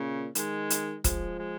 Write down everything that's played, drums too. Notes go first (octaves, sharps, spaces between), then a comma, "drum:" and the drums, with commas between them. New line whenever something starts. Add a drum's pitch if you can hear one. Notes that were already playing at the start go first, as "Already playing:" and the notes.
Already playing: A#2 C#3
D#3 G#3, drum: hi-hat
drum: hi-hat
F3 G#3, drum: kick, hi-hat
G#3